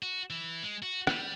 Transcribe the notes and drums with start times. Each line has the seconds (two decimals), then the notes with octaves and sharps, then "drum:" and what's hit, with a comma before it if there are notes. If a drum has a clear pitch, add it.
0.03 F#4
0.30 E3
0.63 G#3
0.83 F#4
1.07 G3, drum: rim click